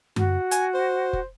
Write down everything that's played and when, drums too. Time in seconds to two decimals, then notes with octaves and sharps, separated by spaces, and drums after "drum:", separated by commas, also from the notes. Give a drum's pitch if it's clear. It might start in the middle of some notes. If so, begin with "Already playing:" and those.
0.16 F#4, drum: tom F#2
0.51 G#5, drum: hi-hat
0.74 C5
1.13 drum: kick F1